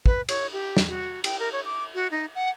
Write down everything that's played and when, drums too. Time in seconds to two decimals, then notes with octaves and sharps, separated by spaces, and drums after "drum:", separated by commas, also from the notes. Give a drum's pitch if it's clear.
0.06 B4, drum: kick
0.29 C#5, drum: cymbal
0.53 G4
0.77 drum: snare
0.88 F#4
1.24 G5, drum: cymbal
1.39 A#4
1.52 C#5
1.65 D6
1.94 F#4
2.11 D#4
2.35 F#5